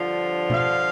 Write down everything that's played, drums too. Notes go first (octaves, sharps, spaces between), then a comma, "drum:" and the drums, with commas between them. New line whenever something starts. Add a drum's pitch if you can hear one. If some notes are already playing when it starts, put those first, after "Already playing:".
Already playing: G2 D3 F3
F5, drum: tom B2